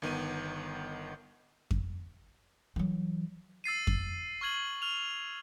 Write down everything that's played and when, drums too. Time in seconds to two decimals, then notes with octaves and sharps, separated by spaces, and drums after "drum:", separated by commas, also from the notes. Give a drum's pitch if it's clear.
0.02 G1 D#3 B3 D#7
1.71 drum: kick F2
2.76 E3 F#3
3.64 E6 A6 C7 D#7
3.87 drum: kick F2
4.41 C#6 F6 G#6 F#7
4.82 F6 F7